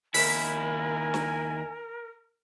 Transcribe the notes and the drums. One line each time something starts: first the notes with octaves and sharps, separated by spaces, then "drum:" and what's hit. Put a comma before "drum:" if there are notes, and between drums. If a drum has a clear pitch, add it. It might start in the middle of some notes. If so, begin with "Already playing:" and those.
D#2 E4 A#4 G#5 B6, drum: open hi-hat
drum: snare